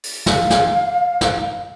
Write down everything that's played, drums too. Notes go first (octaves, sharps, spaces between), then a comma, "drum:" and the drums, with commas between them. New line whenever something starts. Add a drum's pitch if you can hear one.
drum: open hi-hat
F5, drum: snare
drum: snare
drum: snare